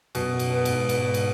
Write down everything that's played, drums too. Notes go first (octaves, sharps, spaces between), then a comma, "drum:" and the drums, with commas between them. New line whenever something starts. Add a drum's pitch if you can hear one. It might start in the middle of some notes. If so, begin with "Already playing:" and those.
F#2 B2, drum: cymbal
F#2, drum: cymbal
B3
G#2, drum: cymbal
B3, drum: cymbal
drum: cymbal